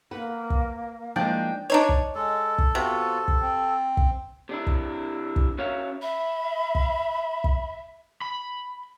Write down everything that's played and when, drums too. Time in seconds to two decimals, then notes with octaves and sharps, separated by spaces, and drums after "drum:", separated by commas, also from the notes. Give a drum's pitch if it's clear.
0.11 A#3 B4 F#5
0.50 drum: kick
1.16 F3 G#3 A#3 D4 G5
1.70 D4 D#4 C#5
1.89 drum: kick
2.15 G#3 A4
2.58 drum: kick
2.75 C3 B3 F4 F#4
3.28 drum: kick
3.41 C4
3.97 drum: kick
4.49 C3 D4 E4
4.67 drum: kick
5.36 drum: kick
5.58 C#4 F#4 C#5 E5 F5
6.02 E5 B5
6.75 drum: kick
7.44 drum: kick
8.21 B5